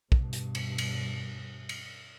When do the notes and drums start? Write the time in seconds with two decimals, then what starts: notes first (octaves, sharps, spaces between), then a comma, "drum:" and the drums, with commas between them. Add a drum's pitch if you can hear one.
0.12 G2 B2, drum: kick
0.33 drum: hi-hat
0.55 drum: cymbal
0.78 drum: cymbal
1.69 drum: cymbal